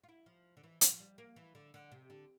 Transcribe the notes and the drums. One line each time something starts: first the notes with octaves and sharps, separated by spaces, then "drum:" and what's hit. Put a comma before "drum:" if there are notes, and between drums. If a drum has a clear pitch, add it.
F4
E4
F3
D3
E3
F3, drum: hi-hat
F3
G3
A#3
E3
D3
D3
C3
D3